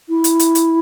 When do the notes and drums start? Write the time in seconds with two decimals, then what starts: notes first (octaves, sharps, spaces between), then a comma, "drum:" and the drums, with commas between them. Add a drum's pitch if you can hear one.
0.09 E4
0.24 drum: hi-hat
0.39 drum: hi-hat
0.55 drum: hi-hat